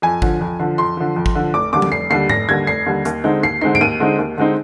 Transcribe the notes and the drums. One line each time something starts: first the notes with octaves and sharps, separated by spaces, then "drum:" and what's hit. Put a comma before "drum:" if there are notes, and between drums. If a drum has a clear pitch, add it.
F2 G#5
D3 F3, drum: kick G#1
F2
D3 F3
F2 C6
D3 F3
F2
drum: kick G#1
D3 F3
F1 D6
D#2 D3 G3 D6
drum: tom F3
F1 C7
D#2 D3 G3 C7
F1 A#6, drum: tom G#2
D#2 D3 G3 G#6
F1 C7
D#2 D3 G3
D#2, drum: hi-hat
D3 G#3 C4 D#4
D#2 C7
D3 G#3 C4 D#4 C7
D7, drum: tom G#2
D#2 D#7
D3 G#3 C4 D#4
D#2
D3 G#3 C4 D#4